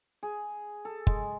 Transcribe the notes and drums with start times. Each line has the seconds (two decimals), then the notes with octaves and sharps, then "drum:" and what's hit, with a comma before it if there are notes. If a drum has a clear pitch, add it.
0.23 G#4
0.85 A4
1.07 G#3, drum: kick